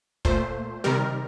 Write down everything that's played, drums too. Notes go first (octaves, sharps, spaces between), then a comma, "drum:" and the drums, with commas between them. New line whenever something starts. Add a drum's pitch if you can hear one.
A#2 A3 C5, drum: kick
C3 D#3 G3 A#4